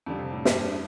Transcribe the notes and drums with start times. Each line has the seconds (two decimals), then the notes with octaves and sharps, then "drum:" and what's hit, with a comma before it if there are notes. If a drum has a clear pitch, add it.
0.06 F2 D3 G3
0.19 C3
0.32 A2
0.45 G2, drum: snare